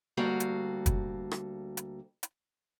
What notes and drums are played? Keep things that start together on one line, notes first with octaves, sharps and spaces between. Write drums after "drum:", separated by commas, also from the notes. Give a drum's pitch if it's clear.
D2 G3 A#3 F#4 A4 F5
drum: hi-hat
drum: kick, hi-hat
drum: rim click
drum: hi-hat
drum: hi-hat